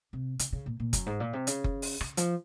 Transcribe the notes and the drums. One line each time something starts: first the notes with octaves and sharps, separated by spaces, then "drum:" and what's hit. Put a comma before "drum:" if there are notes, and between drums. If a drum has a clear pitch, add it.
C3
C#3, drum: hi-hat
C#3
A#2
A#2
F#2, drum: kick F#1, hi-hat
G#2
A#2
C3
C#3, drum: hi-hat
drum: kick F#1
drum: open hi-hat
C#3, drum: rim click
F3, drum: hi-hat